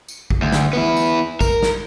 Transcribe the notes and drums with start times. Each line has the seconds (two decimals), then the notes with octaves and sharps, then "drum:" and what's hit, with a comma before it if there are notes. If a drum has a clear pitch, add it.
0.08 drum: tambourine
0.30 drum: kick
0.42 D2
0.53 drum: snare
0.73 B3 E4
0.97 drum: tambourine
1.41 A#4, drum: kick, tambourine
1.63 drum: snare